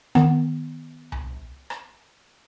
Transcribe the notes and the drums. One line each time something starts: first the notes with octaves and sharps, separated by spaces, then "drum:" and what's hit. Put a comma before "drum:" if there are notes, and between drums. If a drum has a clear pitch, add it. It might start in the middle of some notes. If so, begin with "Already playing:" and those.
D#3 B3, drum: rim click
drum: tom C2
drum: rim click